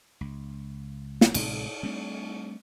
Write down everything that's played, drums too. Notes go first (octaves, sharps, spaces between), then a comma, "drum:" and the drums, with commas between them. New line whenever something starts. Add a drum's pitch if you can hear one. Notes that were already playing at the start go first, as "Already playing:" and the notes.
C#2
drum: snare
A1 A2 C3 G#3, drum: cymbal
G3 A3 C4 D4